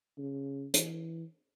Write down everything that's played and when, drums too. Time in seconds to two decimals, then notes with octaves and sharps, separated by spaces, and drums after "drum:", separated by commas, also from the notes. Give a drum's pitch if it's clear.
0.18 C#3
0.74 E3, drum: hi-hat